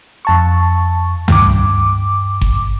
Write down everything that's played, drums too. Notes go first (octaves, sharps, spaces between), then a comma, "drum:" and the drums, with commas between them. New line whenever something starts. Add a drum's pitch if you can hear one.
F2 A5 C#6
G2 D6, drum: tom
drum: kick G1